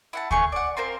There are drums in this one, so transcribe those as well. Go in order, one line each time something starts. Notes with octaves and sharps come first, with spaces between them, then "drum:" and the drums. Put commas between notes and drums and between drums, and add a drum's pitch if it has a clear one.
E4 F#5 A5
A3 G#4 C#6 F#6, drum: kick
D5 F#5
C4 F4 A#4 C5